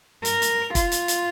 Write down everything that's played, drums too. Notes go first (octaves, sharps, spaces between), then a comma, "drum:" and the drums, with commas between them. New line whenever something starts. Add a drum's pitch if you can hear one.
A#4, drum: hi-hat
drum: hi-hat
F4, drum: kick, hi-hat
drum: hi-hat
drum: hi-hat